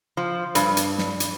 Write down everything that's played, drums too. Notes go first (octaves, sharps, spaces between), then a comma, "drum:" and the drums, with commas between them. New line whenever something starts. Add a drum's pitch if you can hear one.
F3
G2, drum: hi-hat
drum: hi-hat
drum: snare
drum: hi-hat